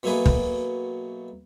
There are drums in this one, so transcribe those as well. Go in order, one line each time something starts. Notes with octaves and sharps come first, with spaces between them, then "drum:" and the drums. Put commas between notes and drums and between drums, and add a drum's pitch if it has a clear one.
B2 F#3 A3 A#3 G#4 B4
drum: kick